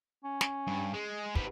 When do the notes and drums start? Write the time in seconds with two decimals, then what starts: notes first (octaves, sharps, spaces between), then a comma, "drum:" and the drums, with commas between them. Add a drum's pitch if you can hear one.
0.24 C#4
0.41 drum: snare
0.67 G2
0.94 G#3
1.35 G#2 B3 G4, drum: kick